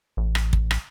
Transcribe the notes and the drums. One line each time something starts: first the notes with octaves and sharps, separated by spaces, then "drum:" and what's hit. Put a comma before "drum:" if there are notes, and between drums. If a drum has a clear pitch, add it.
A1
drum: rim click
drum: kick
drum: rim click